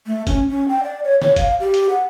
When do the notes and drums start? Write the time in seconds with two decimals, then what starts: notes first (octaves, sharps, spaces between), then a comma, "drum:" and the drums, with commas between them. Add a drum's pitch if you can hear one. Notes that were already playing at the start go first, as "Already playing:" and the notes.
0.07 A3
0.27 C#4, drum: kick F#1, hi-hat
0.49 C#4
0.69 G5
0.83 D5
1.04 C#5
1.22 C#5, drum: snare
1.36 F5, drum: kick F#1, hi-hat
1.60 G4
1.74 drum: hi-hat
1.89 F#5